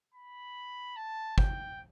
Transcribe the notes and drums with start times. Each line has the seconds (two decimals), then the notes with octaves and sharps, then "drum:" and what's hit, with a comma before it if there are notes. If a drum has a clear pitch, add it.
0.14 B5
0.96 A5
1.38 G5, drum: kick